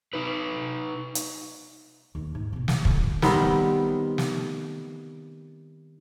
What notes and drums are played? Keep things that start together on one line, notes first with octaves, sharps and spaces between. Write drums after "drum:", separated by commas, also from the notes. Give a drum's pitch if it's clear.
D#4 B4
drum: hi-hat
D#2
G#2
B2 C4
G3 G#3, drum: snare
A#2 D3, drum: kick
D#3 G3 B3 C4, drum: snare
drum: snare